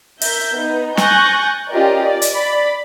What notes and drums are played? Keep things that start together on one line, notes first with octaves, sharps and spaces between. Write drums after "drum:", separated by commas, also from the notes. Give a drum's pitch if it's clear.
A#4 E5 G6, drum: open hi-hat
B3 D#4
G#5 C#6 F#6 G6 A6 A#6, drum: snare
C#4 F4 G4 A#4 D5 D#5
D5
drum: hi-hat
D5 B5